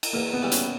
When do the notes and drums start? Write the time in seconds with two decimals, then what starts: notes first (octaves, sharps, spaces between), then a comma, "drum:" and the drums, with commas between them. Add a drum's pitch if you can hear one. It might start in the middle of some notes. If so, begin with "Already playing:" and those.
0.03 drum: cymbal
0.13 E2 A#3
0.33 B3
0.42 C#3 E3 G3
0.52 C#4, drum: hi-hat